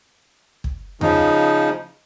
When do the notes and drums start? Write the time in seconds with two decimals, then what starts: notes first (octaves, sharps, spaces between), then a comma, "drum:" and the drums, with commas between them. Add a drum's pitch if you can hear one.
0.64 drum: kick
1.01 C#3 F3 D#4, drum: tom E2